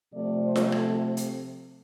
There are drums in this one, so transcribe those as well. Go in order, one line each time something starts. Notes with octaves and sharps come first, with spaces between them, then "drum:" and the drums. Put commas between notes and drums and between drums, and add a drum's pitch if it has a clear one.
C3 F3 A3 D5
C5
drum: snare
A4, drum: rim click
drum: hi-hat